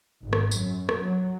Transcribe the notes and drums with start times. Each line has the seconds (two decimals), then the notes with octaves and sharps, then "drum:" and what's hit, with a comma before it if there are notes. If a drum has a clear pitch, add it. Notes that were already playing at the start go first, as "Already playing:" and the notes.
0.22 G#1
0.33 drum: rim click
0.51 F#2, drum: tambourine
0.89 drum: rim click
0.99 F#3